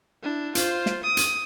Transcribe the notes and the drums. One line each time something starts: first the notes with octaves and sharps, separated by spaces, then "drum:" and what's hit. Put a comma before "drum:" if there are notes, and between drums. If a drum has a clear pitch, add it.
D4 E4
F4 C5, drum: hi-hat
drum: snare
D#6
drum: hi-hat